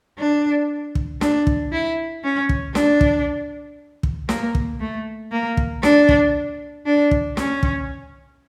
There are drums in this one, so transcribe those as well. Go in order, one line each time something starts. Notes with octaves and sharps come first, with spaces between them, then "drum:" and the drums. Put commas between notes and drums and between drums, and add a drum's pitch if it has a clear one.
D4
drum: kick
D4, drum: snare
drum: kick
E4
C#4
drum: kick
D4, drum: snare
drum: kick
drum: kick
A#3, drum: snare
drum: kick
A3
A#3
drum: kick
D4, drum: snare
drum: kick
D4
drum: kick
C#4, drum: snare
drum: kick